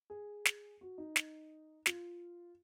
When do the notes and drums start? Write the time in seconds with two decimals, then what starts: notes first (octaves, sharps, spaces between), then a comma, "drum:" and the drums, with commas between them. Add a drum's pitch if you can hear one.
0.10 G#4
0.45 drum: snare
0.81 F#4
0.98 D#4
1.16 drum: snare
1.86 F4, drum: snare